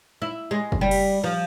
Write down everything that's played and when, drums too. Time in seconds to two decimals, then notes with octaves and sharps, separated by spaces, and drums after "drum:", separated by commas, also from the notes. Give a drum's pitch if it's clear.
0.22 E4
0.51 G#3
0.72 drum: kick
0.81 G3
0.91 drum: cymbal
1.24 F3